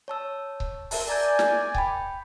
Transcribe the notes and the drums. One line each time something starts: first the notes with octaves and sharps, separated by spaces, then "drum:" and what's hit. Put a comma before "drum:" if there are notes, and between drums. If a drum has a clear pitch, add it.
C#5 A5 E6
drum: kick C#1
A#4 E5 A5, drum: open hi-hat
A#4 D5 G#5 A#5 G6
drum: snare
G5 B5, drum: kick C#1